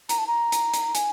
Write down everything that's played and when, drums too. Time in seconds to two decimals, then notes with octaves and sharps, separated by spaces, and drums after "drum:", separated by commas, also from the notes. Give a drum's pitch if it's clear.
0.09 A#5, drum: hi-hat
0.18 A5
0.27 A#5
0.52 drum: hi-hat
0.74 drum: hi-hat
0.95 G#5, drum: hi-hat